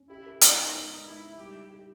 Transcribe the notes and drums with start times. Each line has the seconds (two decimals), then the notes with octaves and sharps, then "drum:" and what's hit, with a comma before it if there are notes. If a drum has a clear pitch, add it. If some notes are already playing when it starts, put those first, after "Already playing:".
Already playing: C#4
0.09 E4 G4
0.26 A#4
0.41 D#4 A#4, drum: hi-hat
0.58 B3
0.74 G#3
0.90 D#4
1.06 G#3 E4
1.22 D#4
1.38 G3 G4
1.54 E4
1.71 G4